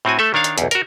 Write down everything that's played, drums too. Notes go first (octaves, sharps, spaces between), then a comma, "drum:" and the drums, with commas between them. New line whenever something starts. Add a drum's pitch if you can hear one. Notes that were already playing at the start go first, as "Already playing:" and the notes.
A2 C4 F#4 G#5
A3 A4 E5
D#3 D4 C#5 F5
drum: hi-hat
B1 E2, drum: hi-hat
F#4 A#4, drum: hi-hat